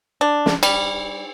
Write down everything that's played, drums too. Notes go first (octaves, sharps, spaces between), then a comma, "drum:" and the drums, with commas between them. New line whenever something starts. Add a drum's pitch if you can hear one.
D4
drum: snare
G3, drum: cymbal